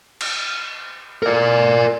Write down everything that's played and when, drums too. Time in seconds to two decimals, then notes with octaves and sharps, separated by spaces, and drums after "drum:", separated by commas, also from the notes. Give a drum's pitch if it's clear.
0.21 drum: cymbal
1.23 A#4 D5